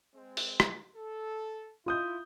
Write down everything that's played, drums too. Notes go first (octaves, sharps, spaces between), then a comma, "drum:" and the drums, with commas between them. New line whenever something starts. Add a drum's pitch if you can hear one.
G#3 C4
drum: open hi-hat
drum: rim click
A4
E4 F4 D#6 G6